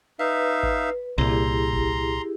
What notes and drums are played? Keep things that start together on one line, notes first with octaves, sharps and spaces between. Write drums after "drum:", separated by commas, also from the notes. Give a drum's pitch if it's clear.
D#4 B4 E5 F5
drum: kick G#1
C2 A#2 E4 G4 G#4 A#5 C6
drum: kick G#1